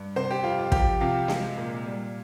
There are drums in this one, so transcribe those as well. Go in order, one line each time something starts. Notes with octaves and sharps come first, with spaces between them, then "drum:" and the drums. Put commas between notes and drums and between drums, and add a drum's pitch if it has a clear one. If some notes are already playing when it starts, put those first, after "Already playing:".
Already playing: G2
C3 C5
G4
F2 F4
F4
F3 G4, drum: kick
C3 F4
G#3, drum: snare
A#2
G3